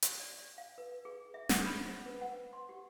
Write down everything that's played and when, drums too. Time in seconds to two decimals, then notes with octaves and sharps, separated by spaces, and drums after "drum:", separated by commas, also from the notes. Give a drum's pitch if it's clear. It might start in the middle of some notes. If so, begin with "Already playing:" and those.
0.02 drum: hi-hat
0.20 D5
0.58 F5
0.78 B4
1.05 G#4
1.34 E5
1.49 F#5, drum: snare
1.66 B5
1.88 C5
2.06 B4
2.21 F#5
2.53 C6
2.69 G4